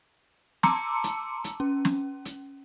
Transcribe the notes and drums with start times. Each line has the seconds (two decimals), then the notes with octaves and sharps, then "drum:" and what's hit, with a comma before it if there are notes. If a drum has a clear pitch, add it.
0.63 A5 A#5 C6 D6 E6 C#7, drum: snare
1.04 drum: hi-hat
1.44 drum: hi-hat
1.60 C#4
1.85 drum: snare
2.25 drum: hi-hat